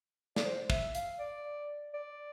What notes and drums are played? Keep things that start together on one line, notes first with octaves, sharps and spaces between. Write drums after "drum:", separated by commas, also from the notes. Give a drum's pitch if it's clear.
D5, drum: snare
C5
E5, drum: kick
F5, drum: hi-hat
D5
D5